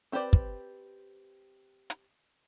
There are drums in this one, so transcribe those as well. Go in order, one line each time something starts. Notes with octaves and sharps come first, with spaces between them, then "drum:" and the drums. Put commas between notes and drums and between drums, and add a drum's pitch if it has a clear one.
C4 G4 B4 C5 D5
drum: kick
drum: hi-hat